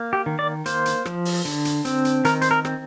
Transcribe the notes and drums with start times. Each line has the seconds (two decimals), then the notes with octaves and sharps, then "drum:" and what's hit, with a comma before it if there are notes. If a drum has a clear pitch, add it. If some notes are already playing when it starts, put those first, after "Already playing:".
Already playing: A#3
0.13 G4
0.26 D#3
0.39 D5
0.66 A#3 C5, drum: hi-hat
0.86 drum: hi-hat
1.05 F3, drum: rim click
1.25 drum: open hi-hat
1.45 D3, drum: hi-hat
1.65 drum: hi-hat
1.85 C4, drum: hi-hat
2.05 drum: hi-hat
2.25 D#3 A#4, drum: hi-hat
2.42 C5, drum: hi-hat
2.51 A#4
2.65 C4, drum: rim click